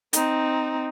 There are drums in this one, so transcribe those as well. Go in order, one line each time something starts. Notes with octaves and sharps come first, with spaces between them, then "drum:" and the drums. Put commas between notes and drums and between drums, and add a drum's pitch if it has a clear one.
C4 D#4, drum: hi-hat